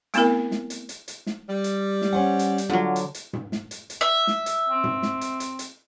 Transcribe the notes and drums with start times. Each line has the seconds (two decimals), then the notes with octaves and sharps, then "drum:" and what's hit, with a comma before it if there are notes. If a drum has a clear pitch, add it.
0.14 A3 B3 C4 E4 A#4, drum: hi-hat
0.51 drum: snare
0.70 drum: hi-hat
0.89 drum: hi-hat
1.08 drum: hi-hat
1.26 drum: snare
1.50 G3
1.64 drum: hi-hat
2.02 drum: snare
2.13 C#4 C5 F#5
2.39 drum: hi-hat
2.58 drum: hi-hat
2.70 D3 F#3 F4
2.96 drum: hi-hat
3.15 drum: hi-hat
3.33 drum: tom G#2
3.52 drum: snare
3.71 drum: hi-hat
3.90 drum: hi-hat
4.01 E5
4.27 drum: snare
4.46 drum: hi-hat
4.69 C4
4.84 drum: tom G#2
5.03 drum: snare
5.21 drum: hi-hat
5.40 drum: hi-hat
5.59 drum: hi-hat